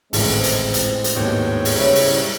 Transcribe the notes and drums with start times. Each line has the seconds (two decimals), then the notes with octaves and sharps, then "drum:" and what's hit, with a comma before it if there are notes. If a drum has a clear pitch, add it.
0.13 G#1 C#2 A2 E3 G#3 C4, drum: open hi-hat
0.43 drum: hi-hat
0.74 drum: hi-hat
1.04 drum: hi-hat
1.16 D#2 G#2 B2 C#5 G5
1.65 drum: open hi-hat
1.76 C#3 G3 E4 B4 C#5
1.95 drum: open hi-hat